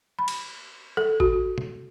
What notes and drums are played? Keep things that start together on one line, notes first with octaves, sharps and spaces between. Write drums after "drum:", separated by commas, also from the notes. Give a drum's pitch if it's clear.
B5
drum: cymbal
A4
F#4, drum: kick G#1
drum: tom